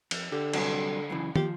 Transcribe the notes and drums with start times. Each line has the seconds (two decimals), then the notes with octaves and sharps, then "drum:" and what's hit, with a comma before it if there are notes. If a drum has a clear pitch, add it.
0.11 F2, drum: cymbal
0.32 D3 G4
0.53 G2 C3 F#3, drum: cymbal
1.10 F#2 C#3 E3
1.36 F3 G4, drum: tom